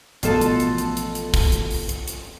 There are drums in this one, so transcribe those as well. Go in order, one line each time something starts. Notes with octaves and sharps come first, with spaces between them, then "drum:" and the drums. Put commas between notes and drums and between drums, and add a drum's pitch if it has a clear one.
A1 B2 F3 A3 F4 A4 A5, drum: hi-hat
drum: hi-hat
drum: hi-hat
drum: hi-hat
drum: hi-hat
drum: hi-hat
drum: kick, open hi-hat
drum: hi-hat
drum: open hi-hat
drum: hi-hat
drum: hi-hat